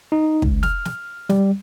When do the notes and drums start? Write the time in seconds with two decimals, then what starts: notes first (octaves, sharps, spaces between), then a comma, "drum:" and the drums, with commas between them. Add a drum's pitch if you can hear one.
0.12 D#4
0.42 C#2, drum: kick
0.63 F6, drum: snare
0.85 drum: snare
1.29 G3, drum: snare